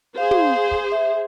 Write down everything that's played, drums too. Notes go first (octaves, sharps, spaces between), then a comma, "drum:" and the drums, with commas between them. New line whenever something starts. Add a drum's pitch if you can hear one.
G#4 C5 F5
drum: tom
drum: kick
E5